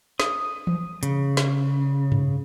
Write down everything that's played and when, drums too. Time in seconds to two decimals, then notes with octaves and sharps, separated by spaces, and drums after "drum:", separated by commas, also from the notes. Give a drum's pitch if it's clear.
0.20 D#6, drum: snare
0.67 drum: tom E3
1.03 C#3, drum: hi-hat
1.37 drum: snare
2.12 drum: tom G2